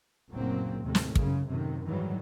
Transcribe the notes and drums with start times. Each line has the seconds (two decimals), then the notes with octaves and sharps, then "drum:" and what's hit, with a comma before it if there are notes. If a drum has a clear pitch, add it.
0.30 F#1 D2 A#2 F#3 A#3 C4
0.83 D#2 A2 C3 D#3 G#3 A3
0.95 drum: snare
1.15 F#2 C#3, drum: kick
1.46 F#2 A2 C3 D#3
1.84 G#2 D#3 E3 F#3 G3